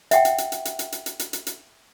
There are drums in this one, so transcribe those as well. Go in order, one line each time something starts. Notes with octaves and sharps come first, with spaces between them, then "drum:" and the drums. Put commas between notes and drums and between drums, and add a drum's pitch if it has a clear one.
E5 F#5 G5, drum: hi-hat
drum: hi-hat
drum: hi-hat
drum: hi-hat
drum: hi-hat
drum: hi-hat
drum: hi-hat
drum: hi-hat
drum: hi-hat
drum: hi-hat
drum: hi-hat